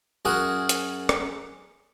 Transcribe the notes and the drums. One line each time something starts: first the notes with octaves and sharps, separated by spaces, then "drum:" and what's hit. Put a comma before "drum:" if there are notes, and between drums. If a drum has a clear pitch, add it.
F#2 F#4 G#4 A#4 F#5 D#6
drum: hi-hat
drum: rim click